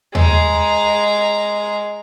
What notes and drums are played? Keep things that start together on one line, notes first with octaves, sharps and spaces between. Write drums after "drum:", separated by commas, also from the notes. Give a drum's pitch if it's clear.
G#3 A#5, drum: tom D#2